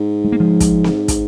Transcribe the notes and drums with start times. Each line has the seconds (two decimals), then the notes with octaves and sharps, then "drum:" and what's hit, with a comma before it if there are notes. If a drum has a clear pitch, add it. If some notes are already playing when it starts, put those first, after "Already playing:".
Already playing: G#2
0.25 G#3
0.32 A#3
0.40 F3 G#3
0.60 drum: kick, hi-hat
0.84 drum: snare C4
1.08 drum: kick, hi-hat